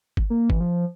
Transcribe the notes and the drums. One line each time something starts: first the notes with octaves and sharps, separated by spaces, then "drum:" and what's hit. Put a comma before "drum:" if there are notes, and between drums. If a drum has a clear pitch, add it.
drum: kick G1
A#3
E3, drum: kick G1
F3